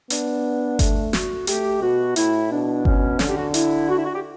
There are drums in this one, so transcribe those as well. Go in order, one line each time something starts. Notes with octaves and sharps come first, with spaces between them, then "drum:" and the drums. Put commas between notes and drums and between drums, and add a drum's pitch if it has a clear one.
B3 D4, drum: hi-hat
A3, drum: kick G1, hi-hat
F#4, drum: snare
A3 G4, drum: hi-hat
B2 F#4
A2 E4, drum: hi-hat
B2 D4
C#4, drum: kick G1
D3 C#4, drum: snare
G4
F#4
E4, drum: hi-hat
F#4
E4
F#4
G4